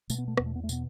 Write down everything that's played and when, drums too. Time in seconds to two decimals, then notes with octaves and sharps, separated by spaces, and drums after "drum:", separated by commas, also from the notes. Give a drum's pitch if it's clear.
0.10 B2 A3, drum: tambourine
0.18 B3
0.28 A3
0.37 E2 B3, drum: rim click
0.46 A3
0.56 B3
0.64 A3
0.69 B2 B3, drum: tambourine